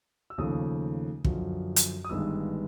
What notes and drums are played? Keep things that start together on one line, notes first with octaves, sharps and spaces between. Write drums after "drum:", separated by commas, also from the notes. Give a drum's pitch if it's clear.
E6
D#2 C#3 F3 A3 D#6
F#2 D3 F3, drum: kick
drum: hi-hat
D#6
G1 G2 D#3 G#3 E6